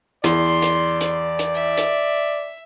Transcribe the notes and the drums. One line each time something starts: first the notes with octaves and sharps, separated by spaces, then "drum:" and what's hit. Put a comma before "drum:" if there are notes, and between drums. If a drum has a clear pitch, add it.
E2 D5 C6, drum: hi-hat
drum: hi-hat
drum: hi-hat
drum: hi-hat
E5
drum: hi-hat